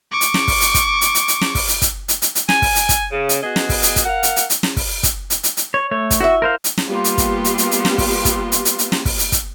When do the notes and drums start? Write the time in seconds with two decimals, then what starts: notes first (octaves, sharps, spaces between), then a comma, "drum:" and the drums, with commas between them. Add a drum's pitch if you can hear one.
0.12 C#6 D6
0.21 drum: hi-hat
0.34 drum: snare
0.48 drum: kick, open hi-hat
0.61 drum: hi-hat
0.74 drum: kick, hi-hat
1.01 drum: hi-hat
1.15 drum: hi-hat
1.28 drum: hi-hat
1.41 drum: snare
1.55 drum: kick, open hi-hat
1.68 drum: hi-hat
1.82 drum: kick, hi-hat
2.08 drum: hi-hat
2.22 drum: hi-hat
2.35 drum: hi-hat
2.49 G#5, drum: snare
2.62 drum: kick, open hi-hat
2.75 drum: hi-hat
2.89 drum: kick, hi-hat
3.12 C#3
3.29 drum: hi-hat
3.43 B3 F#4 G#4 D#5
3.56 drum: snare
3.69 drum: kick, open hi-hat
3.83 drum: hi-hat
3.96 drum: kick, hi-hat
4.06 A#4 F5 F#5
4.23 drum: hi-hat
4.36 drum: hi-hat
4.50 drum: hi-hat
4.63 drum: snare
4.76 drum: kick, open hi-hat
5.03 drum: kick, hi-hat
5.30 drum: hi-hat
5.43 drum: hi-hat
5.57 drum: hi-hat
5.74 C#5
5.91 A3 C#5
6.10 drum: kick, hi-hat
6.21 E4 F#4 E5
6.42 A#4 C5 F5
6.64 drum: hi-hat
6.78 drum: snare
6.87 G3 A#3 B3 F4 G4
7.04 drum: hi-hat
7.18 drum: kick, hi-hat
7.45 drum: hi-hat
7.58 drum: hi-hat
7.71 drum: hi-hat
7.85 drum: snare
7.98 drum: kick, open hi-hat
8.25 drum: kick, hi-hat
8.52 drum: hi-hat
8.65 drum: hi-hat
8.79 drum: hi-hat
8.92 drum: snare
9.05 drum: kick, open hi-hat
9.19 drum: hi-hat
9.32 drum: kick, hi-hat